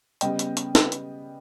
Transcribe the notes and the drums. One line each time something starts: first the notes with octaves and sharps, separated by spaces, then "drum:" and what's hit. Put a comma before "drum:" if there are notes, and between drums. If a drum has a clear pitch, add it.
C#3 G3 B3 D#5 G5, drum: hi-hat
drum: hi-hat
drum: hi-hat
B4, drum: snare
drum: hi-hat